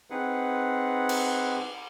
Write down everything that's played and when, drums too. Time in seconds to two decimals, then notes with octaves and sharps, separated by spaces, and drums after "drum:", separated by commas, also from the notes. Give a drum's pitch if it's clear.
0.10 C4 D#4 G#4 B4 F#5
1.09 drum: cymbal